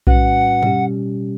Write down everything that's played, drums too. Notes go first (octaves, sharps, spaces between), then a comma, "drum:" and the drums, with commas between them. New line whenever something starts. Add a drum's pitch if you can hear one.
A2 G3 C#4 F#4 B4 F#5, drum: kick B1
B2 G3 C#4 G4, drum: tom G2